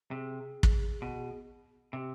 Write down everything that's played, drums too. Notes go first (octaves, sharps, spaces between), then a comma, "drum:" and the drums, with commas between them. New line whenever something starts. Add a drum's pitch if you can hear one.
C3 G#4
drum: kick
B2
C3 G4